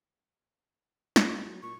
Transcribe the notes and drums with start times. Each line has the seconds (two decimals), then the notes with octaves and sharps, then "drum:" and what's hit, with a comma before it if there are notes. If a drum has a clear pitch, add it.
1.16 G#2, drum: snare
1.47 F#3
1.63 A#2 C#6